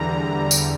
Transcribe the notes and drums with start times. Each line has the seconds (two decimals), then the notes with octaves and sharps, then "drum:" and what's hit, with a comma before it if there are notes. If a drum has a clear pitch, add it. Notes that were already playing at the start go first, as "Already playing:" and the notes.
Already playing: E2 D3 G3 A#5
0.51 drum: tambourine